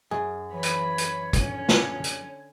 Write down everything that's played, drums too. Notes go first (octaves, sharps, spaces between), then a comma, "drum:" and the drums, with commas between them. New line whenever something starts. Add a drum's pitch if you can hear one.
F#2 G#4
E3 C#5 B5
drum: hi-hat
drum: hi-hat
D3 C#4, drum: kick, hi-hat
drum: snare
drum: hi-hat